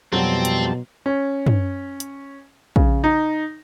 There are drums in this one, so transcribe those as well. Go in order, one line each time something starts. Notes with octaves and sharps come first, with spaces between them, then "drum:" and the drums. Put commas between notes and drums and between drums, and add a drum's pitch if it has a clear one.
F2 B2 F#3 G3 C4 A5
drum: hi-hat
C#4
drum: tom
drum: hi-hat
C#3, drum: kick
D#4